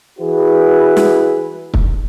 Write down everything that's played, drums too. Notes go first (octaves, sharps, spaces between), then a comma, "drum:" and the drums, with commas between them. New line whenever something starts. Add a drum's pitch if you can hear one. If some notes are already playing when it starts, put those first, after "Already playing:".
E3 E4 F#4 G#4 B4
drum: snare
drum: kick